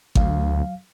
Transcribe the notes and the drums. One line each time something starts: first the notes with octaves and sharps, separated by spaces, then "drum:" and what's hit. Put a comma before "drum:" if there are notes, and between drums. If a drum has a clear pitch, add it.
D2 F#3 F5, drum: kick G#1